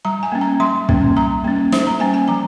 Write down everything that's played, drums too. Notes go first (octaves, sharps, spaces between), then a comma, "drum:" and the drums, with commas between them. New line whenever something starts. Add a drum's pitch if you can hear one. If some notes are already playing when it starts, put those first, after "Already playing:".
G3 A#5
G#5
A#3 C#4
A#5
G3 C6
A#3 C#4, drum: kick
G3 A#5
A#3 C#4
G3 C5, drum: snare
A#5
A#3 C#4 G#5
G#5
F3 A#5